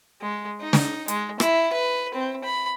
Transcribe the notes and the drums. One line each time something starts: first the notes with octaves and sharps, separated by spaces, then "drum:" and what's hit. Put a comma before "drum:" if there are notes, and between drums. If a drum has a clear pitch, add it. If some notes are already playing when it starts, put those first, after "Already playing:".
G#3
D#4
drum: snare
G#3, drum: hi-hat
E4, drum: rim click
B4
C4
B5